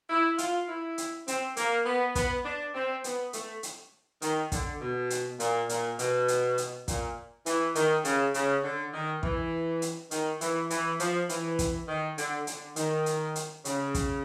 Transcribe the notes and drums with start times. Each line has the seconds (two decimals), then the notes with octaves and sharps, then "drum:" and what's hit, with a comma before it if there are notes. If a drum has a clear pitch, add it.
0.10 E4
0.38 F4, drum: hi-hat
0.68 E4
0.98 drum: hi-hat
1.28 C4, drum: hi-hat
1.57 A#3, drum: hi-hat
1.86 B3
2.15 B3, drum: kick, hi-hat
2.45 D4
2.74 C4
3.04 B3, drum: hi-hat
3.33 A3, drum: hi-hat
3.63 drum: hi-hat
4.22 D#3, drum: hi-hat
4.52 D3, drum: kick, hi-hat
4.81 B2
5.10 drum: hi-hat
5.40 A#2, drum: hi-hat
5.69 A#2, drum: hi-hat
5.99 B2, drum: hi-hat
6.28 drum: hi-hat
6.58 drum: hi-hat
6.88 A#2, drum: kick, hi-hat
7.46 E3, drum: hi-hat
7.75 D#3, drum: hi-hat
8.05 C#3, drum: hi-hat
8.34 C#3, drum: hi-hat
8.64 D3
8.94 D#3
9.23 E3, drum: kick
9.82 drum: hi-hat
10.11 D#3, drum: hi-hat
10.41 E3, drum: hi-hat
10.70 E3, drum: hi-hat
11.00 F3, drum: hi-hat
11.29 E3, drum: hi-hat
11.59 drum: kick, hi-hat
11.88 D#3
12.18 D3, drum: hi-hat
12.47 D3, drum: hi-hat
12.76 D#3, drum: hi-hat
13.06 drum: hi-hat
13.36 drum: hi-hat
13.65 C#3, drum: hi-hat
13.94 drum: kick, hi-hat